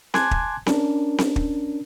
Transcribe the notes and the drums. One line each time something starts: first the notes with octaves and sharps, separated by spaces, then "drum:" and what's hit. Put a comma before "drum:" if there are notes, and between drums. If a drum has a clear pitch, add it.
G#5 A5 C6 D6 F#6 G#6, drum: snare C4
drum: kick
C#4 D4 A#4, drum: snare C4
drum: snare C4
drum: kick